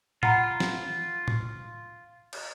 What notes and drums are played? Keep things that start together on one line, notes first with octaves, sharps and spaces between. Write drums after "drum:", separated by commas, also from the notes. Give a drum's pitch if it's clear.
F4 F#5 A#5 B5, drum: tom A2
drum: snare
drum: tom A2
drum: cymbal